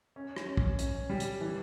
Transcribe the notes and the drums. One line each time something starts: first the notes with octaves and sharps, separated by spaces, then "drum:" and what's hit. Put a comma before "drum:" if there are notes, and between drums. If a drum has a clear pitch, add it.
C#4
drum: rim click
C#4
drum: kick
C#4, drum: hi-hat
G3
drum: hi-hat
E3